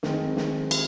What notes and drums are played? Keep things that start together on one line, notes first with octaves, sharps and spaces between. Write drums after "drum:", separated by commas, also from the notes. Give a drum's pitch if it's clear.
D#3 G#3 C4, drum: snare
drum: snare
drum: cymbal